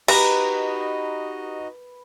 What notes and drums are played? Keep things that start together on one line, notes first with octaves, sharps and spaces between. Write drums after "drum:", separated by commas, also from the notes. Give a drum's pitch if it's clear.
D#4 F#4 G4 B4 D#5 A#5, drum: cymbal